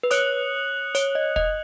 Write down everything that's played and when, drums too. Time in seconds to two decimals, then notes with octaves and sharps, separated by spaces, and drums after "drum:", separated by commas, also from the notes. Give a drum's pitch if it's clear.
0.03 B4
0.11 C#5 D#6 F#6 C#7 F#7, drum: hi-hat
0.95 C#5, drum: hi-hat
1.15 D#5
1.36 D#5, drum: kick